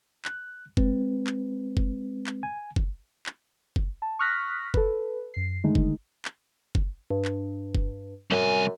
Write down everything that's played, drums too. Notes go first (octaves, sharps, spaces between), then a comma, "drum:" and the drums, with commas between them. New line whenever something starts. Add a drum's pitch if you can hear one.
F#6, drum: clap
G#3 C4 B4, drum: kick F#1
drum: clap
drum: kick F#1
drum: clap
G#5
drum: kick F#1
drum: clap
drum: kick F#1
A5
C#6 D#6 F6 F#6 A#6 B6
A4 B4, drum: kick F#1
F#2 C7
D3 D#3 G#3 A3 D#4
drum: kick F#1
drum: clap
drum: kick F#1
G2
drum: clap
drum: kick F#1
C2 F#2 G#5